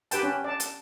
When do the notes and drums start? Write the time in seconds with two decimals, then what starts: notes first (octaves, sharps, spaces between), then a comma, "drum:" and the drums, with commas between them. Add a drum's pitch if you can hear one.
0.11 G4 B4 G5 A5, drum: hi-hat
0.23 C#4
0.44 D5 A5
0.60 drum: hi-hat